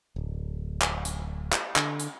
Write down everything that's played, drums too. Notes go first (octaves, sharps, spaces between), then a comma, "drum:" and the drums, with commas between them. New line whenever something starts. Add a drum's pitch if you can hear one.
D1
drum: clap
drum: hi-hat
drum: clap
D3, drum: clap
drum: hi-hat